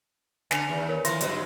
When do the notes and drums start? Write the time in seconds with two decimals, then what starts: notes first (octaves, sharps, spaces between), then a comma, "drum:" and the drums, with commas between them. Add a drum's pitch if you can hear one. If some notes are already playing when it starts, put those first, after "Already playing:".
0.51 D3 B3 D4 G#5 C#7 F7, drum: snare
0.69 D#2
0.89 A#4 C#5
1.05 E3 F3 C6 A#6, drum: hi-hat
1.21 G2 F#3 B3, drum: hi-hat